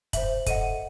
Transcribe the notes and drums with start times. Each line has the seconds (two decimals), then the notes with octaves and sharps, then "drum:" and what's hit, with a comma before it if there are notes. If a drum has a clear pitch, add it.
0.13 C5 E5 F#7, drum: kick, hi-hat
0.46 A4 D#5 F#5 D#7, drum: kick, hi-hat